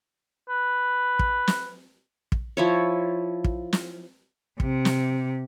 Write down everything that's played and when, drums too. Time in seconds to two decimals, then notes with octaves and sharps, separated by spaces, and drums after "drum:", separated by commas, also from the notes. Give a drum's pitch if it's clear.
0.49 B4
1.19 drum: kick
1.48 drum: snare
2.32 drum: kick
2.57 F3 E4 C#5
3.44 drum: kick
3.73 drum: snare
4.60 C3, drum: kick
4.85 drum: snare